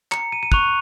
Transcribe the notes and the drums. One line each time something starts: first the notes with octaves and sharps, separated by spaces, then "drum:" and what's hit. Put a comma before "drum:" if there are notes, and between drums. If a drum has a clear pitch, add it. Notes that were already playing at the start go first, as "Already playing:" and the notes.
A#5 C#7, drum: clap
D#7
D#7
C#6 F#6 F7, drum: kick